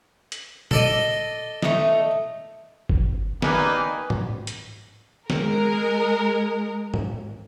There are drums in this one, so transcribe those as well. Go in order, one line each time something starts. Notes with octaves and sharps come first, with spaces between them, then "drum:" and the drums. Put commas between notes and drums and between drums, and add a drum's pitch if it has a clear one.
drum: hi-hat
A4 D5 D#5, drum: tom A#2
A3 D#4, drum: snare
drum: kick G1
A#3 D#4 G4 B4 D5 G#5, drum: snare
drum: tom G#2
drum: hi-hat
G#3 A#4, drum: snare
drum: tom G#2